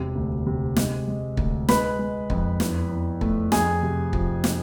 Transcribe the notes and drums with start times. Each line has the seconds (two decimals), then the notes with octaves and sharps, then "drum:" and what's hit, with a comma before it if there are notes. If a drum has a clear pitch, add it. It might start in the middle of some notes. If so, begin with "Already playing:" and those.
Already playing: E1 C3
0.15 D2
0.46 C3
0.76 G#3, drum: snare
1.08 G#3
1.37 D2, drum: kick
1.68 G#3 B4 B5, drum: snare
1.99 G#3
2.30 F2, drum: kick
2.60 E2, drum: snare
2.91 E2
3.21 A3, drum: kick
3.52 F2 G#4 G#5, drum: snare
3.83 C3
4.13 F3, drum: kick
4.44 drum: snare